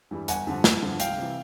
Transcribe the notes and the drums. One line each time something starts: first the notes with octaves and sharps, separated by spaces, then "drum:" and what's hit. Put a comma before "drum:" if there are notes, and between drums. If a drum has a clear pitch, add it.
G2 E3 G3
G1 F#5 G#5, drum: hi-hat
G2 D3 F3
G1, drum: snare
G2 D3 F3
C2 F5 G5, drum: hi-hat
C3 E3